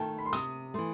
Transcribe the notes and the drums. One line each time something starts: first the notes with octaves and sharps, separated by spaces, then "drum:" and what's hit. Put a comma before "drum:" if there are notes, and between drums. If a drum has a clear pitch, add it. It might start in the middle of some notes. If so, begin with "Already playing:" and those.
Already playing: D#3 A3 G5 A5
B5
C6
C3 D#6, drum: hi-hat
E3 A3 C6